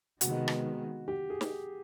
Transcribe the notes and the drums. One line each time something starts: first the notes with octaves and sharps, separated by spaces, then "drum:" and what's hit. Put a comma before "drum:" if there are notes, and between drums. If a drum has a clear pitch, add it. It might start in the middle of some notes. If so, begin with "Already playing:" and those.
C3 D#3 G#3 B3 F#4, drum: hi-hat
drum: rim click
G4
G#4
drum: snare